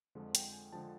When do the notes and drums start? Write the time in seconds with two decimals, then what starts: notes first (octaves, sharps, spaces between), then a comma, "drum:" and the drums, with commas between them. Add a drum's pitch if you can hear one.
0.15 F2 D3 F3 G#3
0.35 G5, drum: hi-hat
0.53 G#5
0.72 D3 F3 G#3 A5